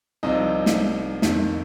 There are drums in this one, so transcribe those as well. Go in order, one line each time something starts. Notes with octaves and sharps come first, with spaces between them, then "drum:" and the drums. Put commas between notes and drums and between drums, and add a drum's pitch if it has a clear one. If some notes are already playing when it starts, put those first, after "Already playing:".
C2 C3 F3 D#4 D#5
drum: snare
F2 D#3, drum: snare